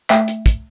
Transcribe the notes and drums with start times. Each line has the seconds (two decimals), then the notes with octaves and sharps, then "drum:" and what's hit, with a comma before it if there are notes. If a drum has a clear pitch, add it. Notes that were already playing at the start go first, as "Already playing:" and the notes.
0.10 A3 E5 G5, drum: clap
0.28 drum: hi-hat
0.46 drum: kick, hi-hat